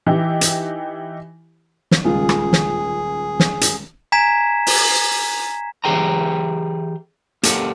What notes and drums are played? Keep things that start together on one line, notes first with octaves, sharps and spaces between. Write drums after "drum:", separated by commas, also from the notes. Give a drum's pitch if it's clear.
E3 D#4 E4 G4
drum: hi-hat
drum: snare
D#1 C#2 F4 G#4
drum: rim click
drum: snare
drum: snare
drum: hi-hat
G#5 A#5 G#6 B6 E7
drum: open hi-hat
E3 G4 G#4 G5 A#5
A#3 G4 A4 F#5, drum: hi-hat